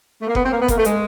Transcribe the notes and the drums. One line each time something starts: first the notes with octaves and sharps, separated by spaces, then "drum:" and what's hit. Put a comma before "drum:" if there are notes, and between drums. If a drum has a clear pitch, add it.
A3
A#3
B3, drum: kick F#1
C4
A#3
B3
A#3, drum: kick F#1, hi-hat
A3
G#3, drum: hi-hat